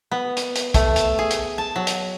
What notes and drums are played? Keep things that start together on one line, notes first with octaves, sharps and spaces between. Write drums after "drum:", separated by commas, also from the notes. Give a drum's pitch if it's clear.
B3
drum: hi-hat
drum: hi-hat
A3, drum: kick, hi-hat
A5, drum: hi-hat
G#4
drum: hi-hat
A5
F#3
drum: hi-hat